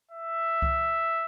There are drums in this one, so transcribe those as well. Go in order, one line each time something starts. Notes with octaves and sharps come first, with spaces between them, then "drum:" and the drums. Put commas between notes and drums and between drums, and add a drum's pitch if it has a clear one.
E5
drum: kick C2